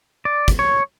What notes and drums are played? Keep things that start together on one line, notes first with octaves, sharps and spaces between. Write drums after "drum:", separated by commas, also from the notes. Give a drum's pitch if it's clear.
D5
drum: kick, hi-hat
C#5